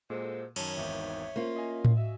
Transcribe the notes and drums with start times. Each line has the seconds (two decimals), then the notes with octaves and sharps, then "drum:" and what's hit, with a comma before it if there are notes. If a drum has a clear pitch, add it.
0.10 A#2 G#3 A#3 F#4 A4 C5
0.56 F#2 D#3 C#5 A5, drum: cymbal
0.77 G#1 E2 D#3 E5
1.36 A#3 C#4 F4 C5
1.56 D#5 F5 G#5
1.85 drum: tom A2
1.96 F#4 E5